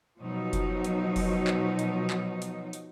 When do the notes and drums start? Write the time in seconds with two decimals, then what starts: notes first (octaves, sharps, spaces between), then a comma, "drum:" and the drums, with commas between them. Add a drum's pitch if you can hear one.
0.22 B2 F3 F#3 D#4
0.53 drum: kick F#1, hi-hat
0.84 drum: hi-hat
1.16 drum: kick F#1, open hi-hat
1.47 drum: clap
1.79 drum: hi-hat
2.10 drum: clap
2.42 drum: hi-hat
2.73 drum: hi-hat